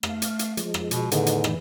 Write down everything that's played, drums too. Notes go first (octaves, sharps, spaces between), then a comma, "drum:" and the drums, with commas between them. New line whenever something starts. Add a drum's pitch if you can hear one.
A3 F5, drum: rim click
drum: hi-hat
drum: hi-hat
F3 G#3, drum: hi-hat
drum: rim click
B2, drum: hi-hat
E2 A2 D3 D#3 D#4, drum: hi-hat
drum: hi-hat
E3, drum: rim click